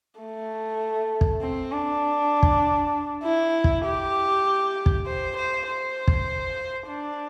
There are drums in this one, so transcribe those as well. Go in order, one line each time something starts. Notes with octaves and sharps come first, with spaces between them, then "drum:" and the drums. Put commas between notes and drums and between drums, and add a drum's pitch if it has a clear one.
A3
drum: kick
C4
D4
drum: kick
E4
drum: kick
G4
drum: kick
C5
C5
C5
drum: kick
D4